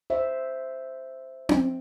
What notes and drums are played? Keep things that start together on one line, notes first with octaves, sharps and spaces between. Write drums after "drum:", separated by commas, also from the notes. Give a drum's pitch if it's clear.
C5 E5
drum: tom C4